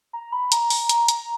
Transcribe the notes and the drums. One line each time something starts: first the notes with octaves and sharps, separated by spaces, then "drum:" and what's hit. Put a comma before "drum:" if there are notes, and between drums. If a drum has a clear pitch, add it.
A#5
B5
A#5, drum: hi-hat
drum: open hi-hat
drum: hi-hat
drum: hi-hat